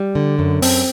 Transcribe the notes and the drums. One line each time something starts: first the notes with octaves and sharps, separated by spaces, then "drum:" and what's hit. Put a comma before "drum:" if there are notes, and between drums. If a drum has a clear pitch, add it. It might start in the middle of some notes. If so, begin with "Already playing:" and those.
Already playing: G3
D3
F#2
C4, drum: open hi-hat